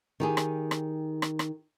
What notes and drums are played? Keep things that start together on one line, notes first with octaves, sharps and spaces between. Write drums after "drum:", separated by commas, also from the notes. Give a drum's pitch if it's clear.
D#3 G4 G#4
drum: rim click
drum: rim click
drum: rim click
drum: rim click